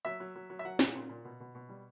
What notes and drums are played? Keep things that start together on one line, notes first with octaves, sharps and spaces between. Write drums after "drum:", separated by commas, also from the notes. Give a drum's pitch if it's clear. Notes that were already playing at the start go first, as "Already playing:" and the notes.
F#3 E5
F#3
F#3
F#3
E5
F#3 F#5
A#2, drum: snare
A#2
A#2
B2
B2
B2
G3